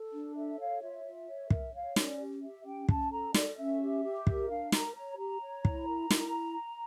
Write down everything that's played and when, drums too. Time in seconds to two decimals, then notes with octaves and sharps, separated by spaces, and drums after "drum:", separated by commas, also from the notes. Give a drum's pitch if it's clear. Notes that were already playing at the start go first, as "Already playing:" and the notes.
Already playing: A4
0.13 D4
0.36 A4 E5
0.58 C#5 F5
0.82 F4 E5
1.04 F4
1.28 C#5
1.50 A#4, drum: kick
1.73 C#5 F5
1.96 C#4 D5, drum: snare
2.20 G4
2.43 G4 E5
2.65 C#4 G5
2.89 C#4 A5, drum: kick
3.11 A4 A#5
3.34 A4 D5, drum: snare
3.57 C#4 E5
3.80 G4
4.04 G4
4.27 A#4, drum: kick
4.49 D4 F5
4.72 A#4 A#5, drum: snare
4.95 C#5 A#5
5.18 G4 A#5
5.41 C#5
5.65 E4, drum: kick
5.87 A#4
6.10 E4, drum: snare